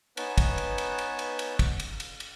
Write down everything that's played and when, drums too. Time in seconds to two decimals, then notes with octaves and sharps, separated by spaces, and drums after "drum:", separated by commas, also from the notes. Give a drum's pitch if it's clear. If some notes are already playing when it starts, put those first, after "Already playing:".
0.17 B3 D#4 B4 C#5 G#5 A5, drum: cymbal
0.38 drum: kick, cymbal
0.58 drum: cymbal
0.78 drum: cymbal
0.98 drum: cymbal
1.19 drum: cymbal
1.39 drum: cymbal
1.59 drum: kick, cymbal
1.80 drum: cymbal
2.00 drum: cymbal
2.20 drum: cymbal